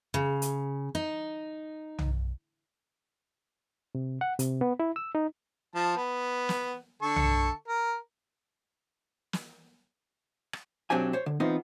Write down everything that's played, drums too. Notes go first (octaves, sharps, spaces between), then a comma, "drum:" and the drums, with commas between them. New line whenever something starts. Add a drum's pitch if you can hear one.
C#3
drum: hi-hat
D#4
drum: tom
C3
F#5
C3, drum: hi-hat
B3
E4
E6
D#4
F3 A5
B3
drum: snare
D3 A4 C#6
drum: tom
A#4
drum: snare
drum: rim click
B1 F#3 C4 D4 G4 G#5
C5 C#5
D3
E3 B3 C4 D#4 F4